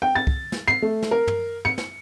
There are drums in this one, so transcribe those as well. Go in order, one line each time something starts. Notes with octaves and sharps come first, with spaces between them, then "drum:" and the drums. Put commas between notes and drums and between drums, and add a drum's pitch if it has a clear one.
G5
A6
drum: kick
drum: snare
C7
A3
drum: snare
A#4
drum: tom
C#7
drum: snare